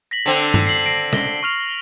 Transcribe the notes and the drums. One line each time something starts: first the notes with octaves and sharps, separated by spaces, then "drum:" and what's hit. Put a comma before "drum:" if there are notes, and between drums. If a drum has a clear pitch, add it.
A#6 B6 F#7
D3 C4
drum: tom
C7 F#7
A#6 C7 D7
A#6 G7, drum: snare
C#6 F6 F7